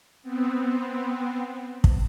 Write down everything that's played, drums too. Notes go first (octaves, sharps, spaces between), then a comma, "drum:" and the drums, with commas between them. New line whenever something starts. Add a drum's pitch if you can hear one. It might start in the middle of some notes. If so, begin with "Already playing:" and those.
B3 C4
drum: kick